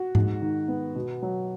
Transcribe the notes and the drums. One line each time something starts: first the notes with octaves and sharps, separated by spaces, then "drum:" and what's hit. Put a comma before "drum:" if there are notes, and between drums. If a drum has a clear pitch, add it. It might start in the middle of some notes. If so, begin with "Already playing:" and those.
Already playing: F#4
G#2, drum: tom G#2
D#3
B3
B2
F#3